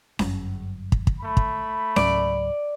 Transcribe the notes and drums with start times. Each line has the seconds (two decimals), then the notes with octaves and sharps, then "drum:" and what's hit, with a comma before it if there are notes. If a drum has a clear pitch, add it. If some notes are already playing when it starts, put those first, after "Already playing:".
0.19 G1 F#2, drum: snare C#4
0.92 drum: kick
1.07 drum: kick
1.20 A3 B5
1.37 drum: kick
1.96 C#2 G#2 F#3 D5, drum: snare C#4